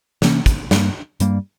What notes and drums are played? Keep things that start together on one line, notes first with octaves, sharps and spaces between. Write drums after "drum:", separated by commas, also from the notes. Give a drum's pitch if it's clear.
C3 E3 A#3 C#4, drum: snare
drum: kick, hi-hat
G2 G3 A#3, drum: snare
G2 G3 A#3, drum: hi-hat